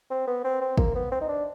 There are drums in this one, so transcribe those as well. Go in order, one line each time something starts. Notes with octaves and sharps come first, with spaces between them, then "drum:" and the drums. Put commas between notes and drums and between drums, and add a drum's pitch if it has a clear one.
C4
B3
C4
C4
A#3, drum: kick
B3
C4
D#4
D4